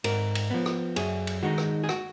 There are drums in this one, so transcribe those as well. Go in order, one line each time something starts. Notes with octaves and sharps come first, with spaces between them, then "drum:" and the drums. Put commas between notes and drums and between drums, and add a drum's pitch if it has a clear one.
G#2 A#4, drum: cymbal
drum: cymbal
F3 B3
drum: rim click
F#2 G#4, drum: cymbal
drum: cymbal
D#3 G#3 D#4 F#4
drum: rim click
G#4
F#4, drum: rim click